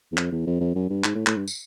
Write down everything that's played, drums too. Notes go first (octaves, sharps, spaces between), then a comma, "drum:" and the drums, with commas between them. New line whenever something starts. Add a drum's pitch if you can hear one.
E2
F2, drum: clap
E2
F2
F2
F#2
G2
G#2, drum: clap
A2
A2, drum: clap
G2
drum: tambourine